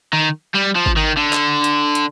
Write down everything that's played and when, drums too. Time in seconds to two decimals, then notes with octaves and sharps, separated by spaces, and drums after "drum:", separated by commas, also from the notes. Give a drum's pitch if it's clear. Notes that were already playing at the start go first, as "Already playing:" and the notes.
0.13 D#3
0.55 G3
0.76 F3
0.86 drum: kick G#1
0.97 D#3
1.17 D3
1.33 drum: clap
1.64 drum: hi-hat
1.95 drum: hi-hat